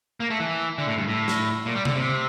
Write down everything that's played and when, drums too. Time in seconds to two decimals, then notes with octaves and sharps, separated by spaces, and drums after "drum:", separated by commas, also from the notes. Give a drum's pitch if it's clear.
0.20 A#3
0.30 A3
0.40 E3
0.78 D3
0.87 A2
0.98 G2
1.08 A2
1.28 drum: snare
1.66 A#2
1.75 G3
1.85 D3, drum: tom C3
1.95 C3